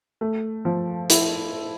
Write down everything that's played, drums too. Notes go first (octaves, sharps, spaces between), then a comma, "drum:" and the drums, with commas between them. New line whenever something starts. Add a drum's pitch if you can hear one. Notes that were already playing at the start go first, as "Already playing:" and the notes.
A3
F3
E4, drum: hi-hat